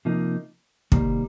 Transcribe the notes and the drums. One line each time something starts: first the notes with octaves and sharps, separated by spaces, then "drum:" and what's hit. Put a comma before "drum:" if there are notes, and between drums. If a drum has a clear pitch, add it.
C3 F3 A#3 D#4
C3 D#3 G3 A#3, drum: kick